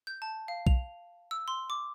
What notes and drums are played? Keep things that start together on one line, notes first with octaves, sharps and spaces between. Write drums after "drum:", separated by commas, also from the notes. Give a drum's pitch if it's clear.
G6
A5
F5
F7, drum: kick B1
E6
C6
D6